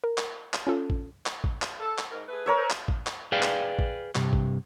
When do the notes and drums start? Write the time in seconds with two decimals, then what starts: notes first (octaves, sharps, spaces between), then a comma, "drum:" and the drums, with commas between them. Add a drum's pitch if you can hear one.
0.04 A#4
0.18 drum: clap
0.54 drum: clap
0.67 C#4 F4 A4
0.90 drum: kick
1.26 drum: clap
1.44 drum: kick
1.62 drum: clap
1.80 A4
1.98 drum: clap
2.12 G#2 A#4
2.29 A3 G#4 B4
2.46 A#4 C#5 E5
2.58 A4 B4 C5
2.70 drum: clap
2.88 drum: kick
3.06 drum: clap
3.32 G#4 B4 D5 F5 G5
3.43 drum: clap
3.79 drum: kick
4.15 G2 C3, drum: clap
4.33 drum: kick